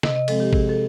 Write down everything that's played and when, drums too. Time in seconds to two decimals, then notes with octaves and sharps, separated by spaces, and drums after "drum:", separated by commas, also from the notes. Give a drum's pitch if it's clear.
0.03 C3 D#5, drum: snare
0.16 D#5
0.28 F3 G#3 C4 A4, drum: cymbal
0.40 G4
0.53 C3 G#4, drum: kick
0.69 A4